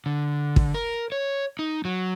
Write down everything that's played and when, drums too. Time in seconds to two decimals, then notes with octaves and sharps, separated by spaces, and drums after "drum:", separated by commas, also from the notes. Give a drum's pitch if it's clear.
0.06 D3
0.56 drum: kick
0.74 A#4
1.12 C#5
1.59 D#4
1.85 F#3